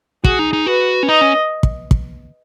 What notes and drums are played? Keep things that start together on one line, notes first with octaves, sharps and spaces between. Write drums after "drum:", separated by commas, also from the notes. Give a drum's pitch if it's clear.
F#4 G#4, drum: kick
D#4
D#4
F#4 B4
C#4
D#4 D#5
C#4
drum: kick
drum: kick